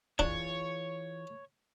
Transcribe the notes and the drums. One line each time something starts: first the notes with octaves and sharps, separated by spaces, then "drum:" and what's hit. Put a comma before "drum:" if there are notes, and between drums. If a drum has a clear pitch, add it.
E3 D4 F4 G#4 C#5, drum: kick